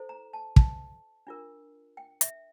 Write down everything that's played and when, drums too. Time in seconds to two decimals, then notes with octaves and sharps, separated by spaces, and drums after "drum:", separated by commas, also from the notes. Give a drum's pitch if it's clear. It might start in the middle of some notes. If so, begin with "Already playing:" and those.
Already playing: E4 A4 C5
0.09 A#5
0.33 A5
0.56 A5, drum: kick
1.27 D4 F4 A#4
1.97 G5
2.21 E5, drum: hi-hat